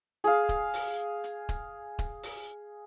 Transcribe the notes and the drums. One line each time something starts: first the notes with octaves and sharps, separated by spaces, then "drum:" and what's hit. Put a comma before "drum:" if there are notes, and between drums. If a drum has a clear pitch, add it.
G#4 F5, drum: hi-hat
drum: kick D#1, hi-hat
drum: open hi-hat
drum: hi-hat
drum: kick D#1, hi-hat
drum: kick D#1, hi-hat
drum: open hi-hat